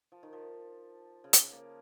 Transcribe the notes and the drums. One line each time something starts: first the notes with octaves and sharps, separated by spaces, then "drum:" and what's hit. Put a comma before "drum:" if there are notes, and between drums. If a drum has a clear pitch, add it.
F3
D#3
F3
C#3
F3, drum: hi-hat
A#3